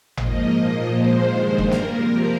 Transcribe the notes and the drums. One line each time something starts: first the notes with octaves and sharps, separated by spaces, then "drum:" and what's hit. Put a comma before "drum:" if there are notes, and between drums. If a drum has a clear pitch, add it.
G#2 F3 A#3 D#5, drum: tom G#1
A#2 F3 A#3
A#2 F3 G#3 C5
G2 D#3 G#3
G2 G3 A#3 A#4, drum: kick F1
drum: snare
C3 F3 A#3